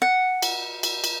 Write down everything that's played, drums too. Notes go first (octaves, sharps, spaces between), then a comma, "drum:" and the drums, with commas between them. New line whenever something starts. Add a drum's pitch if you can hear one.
F#5
drum: cymbal
drum: cymbal
drum: cymbal